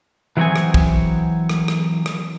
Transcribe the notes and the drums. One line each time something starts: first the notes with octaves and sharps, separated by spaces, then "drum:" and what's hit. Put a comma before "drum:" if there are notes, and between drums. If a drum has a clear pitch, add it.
E3 F#3 C4 F#4 G#4 G#5
drum: rim click
drum: kick
drum: rim click
drum: rim click
drum: rim click